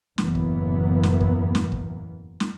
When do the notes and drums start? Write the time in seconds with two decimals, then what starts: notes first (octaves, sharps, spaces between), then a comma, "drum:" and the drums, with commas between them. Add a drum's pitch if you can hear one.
0.18 F#1 E2 A2 E3 A#3 B3, drum: snare
0.35 drum: kick
1.03 drum: snare
1.20 drum: kick
1.55 drum: snare
1.72 drum: kick
2.40 drum: snare